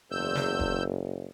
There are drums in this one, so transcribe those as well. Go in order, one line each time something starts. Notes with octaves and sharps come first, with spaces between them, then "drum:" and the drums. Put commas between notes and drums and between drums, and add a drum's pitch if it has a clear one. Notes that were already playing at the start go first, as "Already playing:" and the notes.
F#1 E2 E6 G6
drum: snare
drum: kick E1